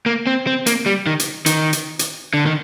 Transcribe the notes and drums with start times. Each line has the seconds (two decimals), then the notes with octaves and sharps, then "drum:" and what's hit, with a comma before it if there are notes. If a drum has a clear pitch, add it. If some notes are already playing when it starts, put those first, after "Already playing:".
0.06 A#3
0.27 C4
0.47 C4
0.66 A#3, drum: hi-hat
0.86 G3
1.07 D#3
1.20 drum: hi-hat
1.46 D#3, drum: hi-hat
1.73 drum: hi-hat
1.99 drum: hi-hat
2.34 D3
2.46 D#3